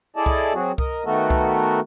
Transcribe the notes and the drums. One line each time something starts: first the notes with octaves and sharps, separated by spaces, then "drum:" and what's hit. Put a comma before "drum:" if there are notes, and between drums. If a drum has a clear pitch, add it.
E4 G#4 A4 D5 D#5 A5
drum: kick C2
F#3 C4 F#4 G#4
A#4 D#5, drum: kick C2
D#3 A3 B3 F#4 A4 A#4
drum: kick C2